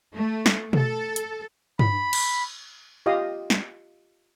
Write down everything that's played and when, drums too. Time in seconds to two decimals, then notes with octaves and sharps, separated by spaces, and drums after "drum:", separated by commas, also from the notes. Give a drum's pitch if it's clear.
0.15 A3
0.46 drum: snare
0.73 A4, drum: tom B2
1.16 drum: hi-hat
1.79 B5, drum: tom G2
2.13 drum: cymbal
3.06 F4 G4 D#5 F5 D#6
3.50 drum: snare